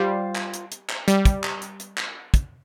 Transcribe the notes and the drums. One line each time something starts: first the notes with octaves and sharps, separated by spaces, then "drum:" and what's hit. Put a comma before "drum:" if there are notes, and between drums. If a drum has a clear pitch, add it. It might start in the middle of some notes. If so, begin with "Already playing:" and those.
Already playing: G3 F4 C5 G5
drum: clap
drum: hi-hat
drum: hi-hat
drum: clap
G3, drum: hi-hat
drum: kick, hi-hat
drum: clap
drum: hi-hat
drum: hi-hat
drum: clap
drum: kick, hi-hat